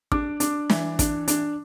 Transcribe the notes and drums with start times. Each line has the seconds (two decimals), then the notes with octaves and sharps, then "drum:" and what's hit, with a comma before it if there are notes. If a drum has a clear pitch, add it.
0.12 D4 D6, drum: kick
0.40 D4, drum: hi-hat
0.70 E3, drum: snare
0.99 D4, drum: kick, hi-hat
1.28 D4, drum: hi-hat